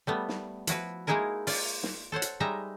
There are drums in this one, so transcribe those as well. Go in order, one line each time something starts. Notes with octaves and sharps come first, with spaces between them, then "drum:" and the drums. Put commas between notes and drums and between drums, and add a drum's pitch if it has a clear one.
G3 A3 B3
drum: snare
F3 E4 F#4 B4, drum: hi-hat
G#3 A#3 D#4 E4 G#4 A#4
F4 D5, drum: open hi-hat
drum: snare
A4 C5 C#5 F#5
drum: hi-hat
G3 G#3 D#4 E5 A#5